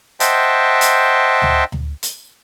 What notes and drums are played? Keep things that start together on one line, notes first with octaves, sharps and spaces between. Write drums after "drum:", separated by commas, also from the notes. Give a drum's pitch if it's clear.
C5 D#5 E5 F#5 G5 A5, drum: hi-hat
drum: hi-hat
drum: tom D2
drum: tom D2
drum: hi-hat